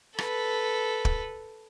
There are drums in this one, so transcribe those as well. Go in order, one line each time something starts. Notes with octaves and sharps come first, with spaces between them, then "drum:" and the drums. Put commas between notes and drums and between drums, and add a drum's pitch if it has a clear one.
A4 B4, drum: rim click
drum: kick